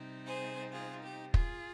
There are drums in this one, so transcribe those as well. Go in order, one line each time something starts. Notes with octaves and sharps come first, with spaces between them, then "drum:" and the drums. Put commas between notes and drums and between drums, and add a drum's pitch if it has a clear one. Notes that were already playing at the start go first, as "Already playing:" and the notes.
Already playing: C3 G3 C4 D#4
G#4 C5
F4 G#4
G4
F4 G#4, drum: kick